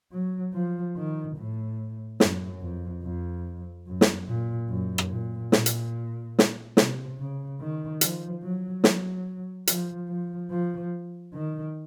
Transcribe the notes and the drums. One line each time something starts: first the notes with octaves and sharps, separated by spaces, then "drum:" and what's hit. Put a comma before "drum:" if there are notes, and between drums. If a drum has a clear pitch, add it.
F#3
F3
D#3
A2
F#2, drum: snare
F2
F2
F#2
drum: snare
A#2
F#2
drum: rim click
A#2
A#2, drum: snare
drum: hi-hat
drum: snare
C3, drum: snare
C#3
D#3
F3, drum: hi-hat
F#3
F#3, drum: snare
F3, drum: hi-hat
F3
F3
D#3